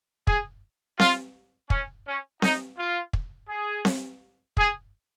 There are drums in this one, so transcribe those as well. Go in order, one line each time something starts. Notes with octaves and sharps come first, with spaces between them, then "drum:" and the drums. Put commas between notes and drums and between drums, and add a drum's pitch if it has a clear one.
G#4, drum: kick
F4, drum: snare C4
C#4, drum: kick
C#4
D#4, drum: snare C4
F4
drum: kick
G#4
drum: snare C4
G#4, drum: kick